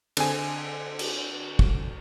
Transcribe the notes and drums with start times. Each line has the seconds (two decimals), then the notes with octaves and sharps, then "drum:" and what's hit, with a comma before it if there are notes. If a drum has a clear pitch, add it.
0.17 D3 C4 G#4 G#5, drum: cymbal
0.99 drum: cymbal
1.59 drum: kick